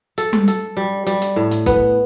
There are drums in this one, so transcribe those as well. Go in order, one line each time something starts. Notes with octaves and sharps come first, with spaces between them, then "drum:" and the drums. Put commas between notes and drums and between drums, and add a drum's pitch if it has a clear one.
A4, drum: hi-hat
drum: tom G3
A4, drum: hi-hat
G3
G3, drum: hi-hat
drum: hi-hat
A2
drum: hi-hat
B3, drum: kick B1, hi-hat